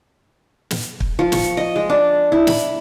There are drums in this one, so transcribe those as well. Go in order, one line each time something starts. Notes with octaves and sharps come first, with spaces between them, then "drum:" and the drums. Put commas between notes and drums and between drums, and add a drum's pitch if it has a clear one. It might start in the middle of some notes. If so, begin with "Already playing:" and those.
drum: snare
drum: kick
F3
C#6, drum: snare
D#5
G#3
D4
E4
B5, drum: snare